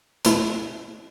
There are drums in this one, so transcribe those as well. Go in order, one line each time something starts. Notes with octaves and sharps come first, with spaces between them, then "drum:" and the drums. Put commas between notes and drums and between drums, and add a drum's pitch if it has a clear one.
B2 A3 E4 A4, drum: hi-hat